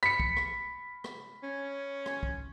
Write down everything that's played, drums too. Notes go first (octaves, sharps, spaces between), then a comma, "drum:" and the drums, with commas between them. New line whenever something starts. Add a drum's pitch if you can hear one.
B5 B6 C#7, drum: rim click
drum: kick
drum: rim click
drum: rim click
C#4
drum: rim click
drum: kick